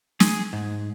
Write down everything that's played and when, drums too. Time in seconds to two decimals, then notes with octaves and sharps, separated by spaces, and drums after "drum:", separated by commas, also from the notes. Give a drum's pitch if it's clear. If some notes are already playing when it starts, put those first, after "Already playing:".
0.20 G#4, drum: snare
0.53 G#2